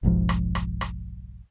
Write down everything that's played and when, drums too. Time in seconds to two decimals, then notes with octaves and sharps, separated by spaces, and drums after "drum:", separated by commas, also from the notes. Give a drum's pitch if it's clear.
0.03 F1 B1 G#2 F3
0.29 drum: rim click
0.55 drum: rim click
0.81 drum: rim click